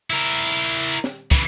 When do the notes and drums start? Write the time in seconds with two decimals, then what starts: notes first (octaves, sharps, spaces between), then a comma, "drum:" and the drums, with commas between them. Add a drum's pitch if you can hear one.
0.10 E4 A#4
0.49 drum: hi-hat
0.76 drum: hi-hat
1.04 drum: snare
1.31 C#3 E3, drum: kick, hi-hat